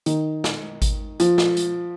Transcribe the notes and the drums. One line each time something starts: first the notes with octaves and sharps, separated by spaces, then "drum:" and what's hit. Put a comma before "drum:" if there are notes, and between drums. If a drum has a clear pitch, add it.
D#3, drum: hi-hat
drum: snare
drum: kick G#1, hi-hat
F3, drum: hi-hat
drum: snare
drum: hi-hat